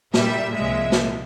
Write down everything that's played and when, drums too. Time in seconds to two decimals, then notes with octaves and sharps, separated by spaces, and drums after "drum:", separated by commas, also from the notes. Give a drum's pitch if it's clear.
0.14 A#2 G3 E5, drum: snare
0.55 C2 A#2 F3 G#3 E5
0.92 drum: snare